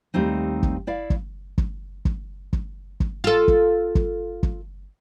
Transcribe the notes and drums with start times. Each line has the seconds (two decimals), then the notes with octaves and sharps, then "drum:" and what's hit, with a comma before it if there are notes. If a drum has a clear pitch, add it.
0.14 D#2 G3 A3 C4 D#4
0.63 drum: kick
0.87 E4 D5 F5
1.10 drum: kick
1.58 drum: kick
2.05 drum: kick
2.53 drum: kick
3.00 drum: kick
3.24 F4 A4
3.48 drum: kick
3.95 drum: kick
4.43 drum: kick